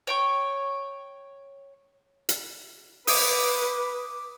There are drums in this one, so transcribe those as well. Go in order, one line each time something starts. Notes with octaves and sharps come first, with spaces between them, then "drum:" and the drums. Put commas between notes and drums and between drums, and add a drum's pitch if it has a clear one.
C#5 G5 C#6
drum: hi-hat
B4 D6 D#6, drum: open hi-hat